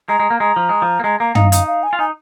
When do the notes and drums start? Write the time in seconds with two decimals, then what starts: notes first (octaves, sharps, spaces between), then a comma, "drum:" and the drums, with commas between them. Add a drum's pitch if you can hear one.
0.09 G#3 A#5
0.20 G#3
0.30 A#3
0.40 G#3 A#5
0.56 F3
0.69 G#3
0.82 F3
1.00 A#3
1.04 G#3 A#5
1.20 A#3 A#5
1.35 D#4 F5, drum: tom
1.52 D#4, drum: hi-hat
1.67 F5
1.83 G#5
1.93 F4
1.99 D#4 G#5